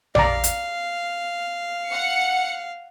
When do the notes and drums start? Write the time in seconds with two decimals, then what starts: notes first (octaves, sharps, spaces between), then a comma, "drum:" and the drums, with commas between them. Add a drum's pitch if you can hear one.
0.15 D5 F5 A#5, drum: tom A#1
0.44 drum: hi-hat
1.88 F#5 C#7